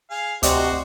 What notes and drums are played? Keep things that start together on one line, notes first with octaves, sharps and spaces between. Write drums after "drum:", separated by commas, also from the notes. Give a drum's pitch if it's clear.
G#4 F5
D2 C3 F#4 C5 D5 D#5 D6, drum: hi-hat